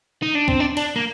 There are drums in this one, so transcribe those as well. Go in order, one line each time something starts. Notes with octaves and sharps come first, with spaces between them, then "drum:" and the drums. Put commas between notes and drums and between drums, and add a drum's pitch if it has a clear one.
D#4
D4
C4, drum: kick
D4
D4, drum: cymbal
A#3